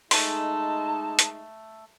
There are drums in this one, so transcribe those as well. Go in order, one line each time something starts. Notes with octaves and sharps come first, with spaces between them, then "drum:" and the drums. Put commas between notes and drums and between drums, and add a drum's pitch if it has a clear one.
G#3 A3 D#4 A5 C6, drum: open hi-hat
drum: hi-hat